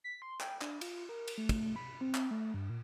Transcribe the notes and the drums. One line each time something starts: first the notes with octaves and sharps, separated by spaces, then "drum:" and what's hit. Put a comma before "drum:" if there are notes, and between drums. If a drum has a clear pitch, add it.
B6
C6
G5, drum: clap
D4, drum: clap
F4, drum: cymbal
A#4
drum: cymbal
A3
drum: kick, cymbal
B5
C4
drum: clap
A3
G2
A#2